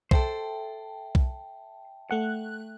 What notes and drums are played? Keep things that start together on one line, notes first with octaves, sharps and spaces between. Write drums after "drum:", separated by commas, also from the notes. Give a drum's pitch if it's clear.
A4 C5 E5 G5 A5, drum: kick B1
drum: kick B1
A3 F#5 F#6